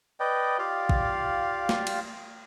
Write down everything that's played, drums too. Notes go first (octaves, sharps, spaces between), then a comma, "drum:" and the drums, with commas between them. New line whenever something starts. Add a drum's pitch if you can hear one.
B4 D5 D#5 G5
F4 G4 D5 F5
drum: kick
drum: snare
drum: cymbal